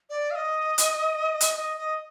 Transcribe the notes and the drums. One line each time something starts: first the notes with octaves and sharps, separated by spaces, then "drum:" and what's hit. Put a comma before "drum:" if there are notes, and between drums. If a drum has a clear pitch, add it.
D5
F5
D#5
drum: hi-hat
drum: hi-hat
D#5
D#5